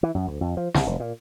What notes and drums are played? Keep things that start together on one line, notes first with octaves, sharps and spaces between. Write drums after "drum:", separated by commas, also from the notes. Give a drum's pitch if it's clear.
E3
F#2
D2
F2
F3
C2, drum: snare
F1
A#2